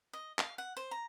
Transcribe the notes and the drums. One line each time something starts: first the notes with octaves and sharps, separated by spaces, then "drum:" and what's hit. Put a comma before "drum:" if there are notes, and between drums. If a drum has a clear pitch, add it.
D#5
F5, drum: clap
F#5
C5
A#5